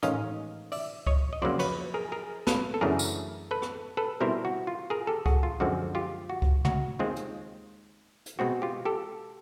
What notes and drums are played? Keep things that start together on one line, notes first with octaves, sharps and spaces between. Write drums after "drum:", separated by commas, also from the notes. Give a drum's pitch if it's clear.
A1 G#2 D#3 G#3 C#4 D#5 F5, drum: hi-hat
D5 E5, drum: open hi-hat
C#5 D#5, drum: kick C#2
D#5
F2 C#3 F#3 A#3 C5 D5
B4 C#5, drum: cymbal
G#4 A#4
G#4 A#4
A4 B4, drum: snare
A4
F#2 C#3 E3 A3 D4 G#4 A#4
drum: tambourine
A4 B4
drum: rim click
A4 B4
B2 G3 C4 E4 A#4 C5
F#4
F4
G#4 A#4
G4 A4
F#4 G#4, drum: kick C#2
F4
F#2 D3 F3 G#3 C4 F#4
F4 G4
F#4
drum: kick C#2
F#4, drum: tom
D#2 D#3 G#3 C4 F4
drum: hi-hat
drum: hi-hat
B2 G#3 C4 F#4
F4 G4
G4 A4